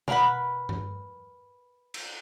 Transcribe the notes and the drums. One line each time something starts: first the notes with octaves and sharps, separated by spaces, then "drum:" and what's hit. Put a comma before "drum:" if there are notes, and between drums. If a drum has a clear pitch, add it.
D4 A#4 B4 F#5 B5, drum: tom B2
drum: tom G2
drum: cymbal